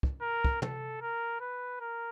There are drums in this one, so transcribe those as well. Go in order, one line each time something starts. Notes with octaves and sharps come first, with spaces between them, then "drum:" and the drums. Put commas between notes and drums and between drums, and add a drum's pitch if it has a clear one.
drum: kick
A#4
drum: kick
A4, drum: tom
A#4
B4
A#4